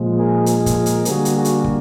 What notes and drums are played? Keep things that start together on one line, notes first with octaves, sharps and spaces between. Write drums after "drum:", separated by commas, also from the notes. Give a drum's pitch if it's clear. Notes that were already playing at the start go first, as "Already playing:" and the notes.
Already playing: A#2 F3 G#3
G#4 A#4
G#4 A#4, drum: hi-hat
drum: kick, hi-hat
drum: hi-hat
D3 G3 A#3 F#4 G#4, drum: hi-hat
drum: hi-hat
F#4 G#4
drum: hi-hat
drum: kick